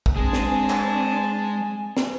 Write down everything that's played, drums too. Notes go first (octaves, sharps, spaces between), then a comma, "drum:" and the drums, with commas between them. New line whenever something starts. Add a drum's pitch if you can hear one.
drum: kick
G#3 C4 D4 G#4 A5
drum: snare
drum: clap
drum: snare